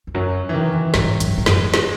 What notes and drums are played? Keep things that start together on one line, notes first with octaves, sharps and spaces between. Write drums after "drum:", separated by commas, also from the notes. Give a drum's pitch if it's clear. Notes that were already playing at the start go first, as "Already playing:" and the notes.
E2
F#2 F#3
E3
D#3
E3
G#2 F#3, drum: snare
F#2, drum: hi-hat
G#2
F#2 G#3, drum: snare
G#3, drum: snare